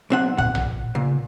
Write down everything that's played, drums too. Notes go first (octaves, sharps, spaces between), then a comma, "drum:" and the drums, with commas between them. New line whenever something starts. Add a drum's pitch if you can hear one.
B1 C4 F#5
A#2 F#5, drum: kick
drum: tom A#1
A#2 C#3